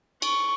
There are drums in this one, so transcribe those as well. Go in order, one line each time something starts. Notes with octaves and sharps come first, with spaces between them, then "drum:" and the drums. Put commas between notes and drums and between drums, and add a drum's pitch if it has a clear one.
C#6, drum: cymbal